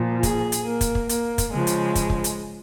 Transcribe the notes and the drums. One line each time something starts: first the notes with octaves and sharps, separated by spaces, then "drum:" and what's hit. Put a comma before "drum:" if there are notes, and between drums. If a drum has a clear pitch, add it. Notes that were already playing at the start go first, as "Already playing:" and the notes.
Already playing: A#2 F3
G#4, drum: kick, hi-hat
drum: hi-hat
A#3
drum: kick, hi-hat
drum: kick
A#3, drum: hi-hat
drum: kick, hi-hat
C#3 F3 G#3
drum: hi-hat
drum: kick, hi-hat
drum: kick
drum: hi-hat